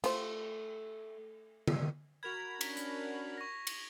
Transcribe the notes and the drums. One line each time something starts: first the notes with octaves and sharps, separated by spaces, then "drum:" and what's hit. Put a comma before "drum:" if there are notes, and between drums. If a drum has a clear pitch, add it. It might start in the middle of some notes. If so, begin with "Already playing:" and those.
A3 F4 C5, drum: cymbal
drum: tom D3
F#4 A#4 B5 G#6 F7
C#4 D4 B6, drum: cymbal
drum: hi-hat
C#6 A#6
drum: cymbal